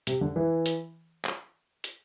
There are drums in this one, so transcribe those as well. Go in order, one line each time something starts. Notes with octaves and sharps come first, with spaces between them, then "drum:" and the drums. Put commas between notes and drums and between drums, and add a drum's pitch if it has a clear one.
C3, drum: hi-hat
D3
E3
drum: hi-hat
drum: clap
drum: hi-hat